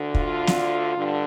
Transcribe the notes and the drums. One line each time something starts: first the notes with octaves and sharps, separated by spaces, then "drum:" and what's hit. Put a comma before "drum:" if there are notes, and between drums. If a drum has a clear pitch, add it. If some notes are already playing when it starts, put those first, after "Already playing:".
Already playing: D2 D3
F4, drum: kick
drum: snare
G2 D3